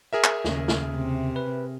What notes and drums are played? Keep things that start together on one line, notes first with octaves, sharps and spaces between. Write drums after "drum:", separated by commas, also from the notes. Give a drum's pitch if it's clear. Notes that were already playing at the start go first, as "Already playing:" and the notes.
G#4 A#4 E5
drum: clap
D#2 C#3, drum: snare
drum: snare
C3
B4